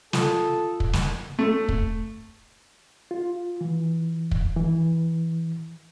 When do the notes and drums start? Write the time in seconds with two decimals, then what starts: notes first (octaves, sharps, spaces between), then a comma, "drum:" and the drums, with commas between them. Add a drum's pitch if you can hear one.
0.13 F4 A4 D#6, drum: snare
0.80 drum: kick
0.93 drum: snare
1.39 A3
1.69 drum: kick
3.11 F4
3.61 E3
4.31 drum: kick
4.57 E3